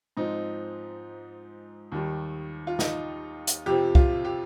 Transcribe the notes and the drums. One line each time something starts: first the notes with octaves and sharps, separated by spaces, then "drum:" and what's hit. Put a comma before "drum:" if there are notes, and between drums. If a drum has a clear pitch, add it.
G#2 F3 C4 D#4
D#2 D#3 G3
F4
D#4, drum: snare
drum: hi-hat
F2 C3 F3 G4
F4, drum: kick C2
G4